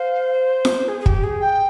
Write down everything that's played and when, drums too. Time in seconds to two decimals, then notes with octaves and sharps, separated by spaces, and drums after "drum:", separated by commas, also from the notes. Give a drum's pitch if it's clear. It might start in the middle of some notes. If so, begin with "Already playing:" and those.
Already playing: C5 F5
0.65 drum: snare F4
0.88 G#4
1.01 G#4
1.06 G4, drum: kick
1.24 G#4
1.41 G5